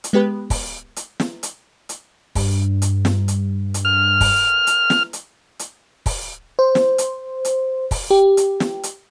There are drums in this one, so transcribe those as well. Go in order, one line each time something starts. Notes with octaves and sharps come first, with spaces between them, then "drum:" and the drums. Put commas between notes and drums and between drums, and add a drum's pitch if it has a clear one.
drum: hi-hat
G#3 B3 G4 B4
drum: kick, open hi-hat
drum: hi-hat
drum: snare
drum: hi-hat
drum: hi-hat
G2, drum: kick, open hi-hat
drum: hi-hat
drum: snare
drum: hi-hat
drum: hi-hat
F6
drum: kick, open hi-hat
drum: hi-hat
drum: snare
drum: hi-hat
drum: hi-hat
drum: kick, open hi-hat
C5
drum: snare
drum: hi-hat
drum: hi-hat
drum: kick, open hi-hat
G4
drum: hi-hat
drum: snare
drum: hi-hat